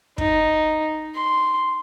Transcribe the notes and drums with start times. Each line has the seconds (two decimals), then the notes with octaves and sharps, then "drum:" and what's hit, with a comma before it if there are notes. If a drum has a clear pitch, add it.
0.18 D#4, drum: kick
1.15 C6